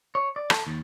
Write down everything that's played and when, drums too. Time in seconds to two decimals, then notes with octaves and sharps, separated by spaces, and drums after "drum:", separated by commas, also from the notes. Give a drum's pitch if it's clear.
0.15 C#5
0.36 D5
0.50 A4, drum: rim click
0.67 D#2